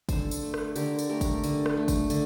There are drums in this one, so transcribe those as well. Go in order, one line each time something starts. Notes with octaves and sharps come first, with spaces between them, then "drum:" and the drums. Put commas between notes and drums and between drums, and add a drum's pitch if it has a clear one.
D3 A4 C5, drum: kick, tambourine
drum: tambourine
A3
drum: rim click
D3 G4 A#4, drum: tambourine
drum: tambourine
A3 G4 A#4
drum: kick, tambourine
D3, drum: tambourine
drum: rim click
A3
drum: kick, tambourine
D3, drum: tambourine